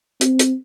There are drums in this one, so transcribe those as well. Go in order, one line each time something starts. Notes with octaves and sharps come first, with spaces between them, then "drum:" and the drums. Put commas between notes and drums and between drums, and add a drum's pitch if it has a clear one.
C4, drum: hi-hat
drum: hi-hat